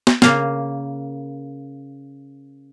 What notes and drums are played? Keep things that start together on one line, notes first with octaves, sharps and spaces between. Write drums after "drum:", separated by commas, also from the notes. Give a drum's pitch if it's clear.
drum: snare
C#3 A#3 F5, drum: snare